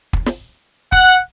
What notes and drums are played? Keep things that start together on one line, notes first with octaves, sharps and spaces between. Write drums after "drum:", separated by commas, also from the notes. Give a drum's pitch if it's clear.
drum: kick
drum: snare
F#5, drum: kick